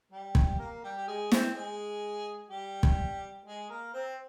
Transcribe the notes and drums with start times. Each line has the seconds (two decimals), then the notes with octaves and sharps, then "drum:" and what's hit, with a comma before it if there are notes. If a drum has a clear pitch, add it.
0.11 G3 G4
0.35 drum: kick
0.59 A#3 A#4
0.84 G3 G4
0.98 G4
1.08 G#3 G#4
1.32 C4 C5, drum: snare
1.55 G#3 G#4
2.50 G3 G4
2.83 drum: kick
3.46 G#3 G#4
3.70 A#3 A#4
3.94 C4 C5